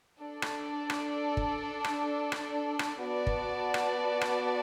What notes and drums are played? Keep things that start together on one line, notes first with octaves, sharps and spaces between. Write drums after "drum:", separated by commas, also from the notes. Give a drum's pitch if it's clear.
D4 A4 D5
drum: rim click
drum: rim click
drum: kick
drum: rim click
drum: rim click
drum: rim click
B3 F#4 D5 A5
drum: kick
drum: rim click
drum: rim click